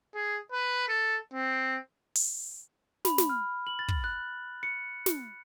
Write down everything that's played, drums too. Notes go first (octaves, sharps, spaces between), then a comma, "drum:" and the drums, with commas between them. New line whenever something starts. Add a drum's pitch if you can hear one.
G#4
B4
A4
C4
drum: open hi-hat
B5, drum: snare
drum: snare
F6
F#7
A6
drum: kick
F#6
C#7
drum: snare